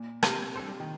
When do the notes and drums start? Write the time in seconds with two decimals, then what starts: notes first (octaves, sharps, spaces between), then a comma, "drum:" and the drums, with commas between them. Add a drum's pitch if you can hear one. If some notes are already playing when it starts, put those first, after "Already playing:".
Already playing: A#2
0.23 C3 A#3 F4 A#4, drum: rim click
0.56 G3 D4 A4 C5
0.80 D#3